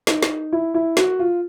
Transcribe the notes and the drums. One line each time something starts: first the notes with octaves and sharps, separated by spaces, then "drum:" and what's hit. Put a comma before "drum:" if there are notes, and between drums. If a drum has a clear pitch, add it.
D#4, drum: snare
drum: snare
E4
E4
F#4, drum: snare
F4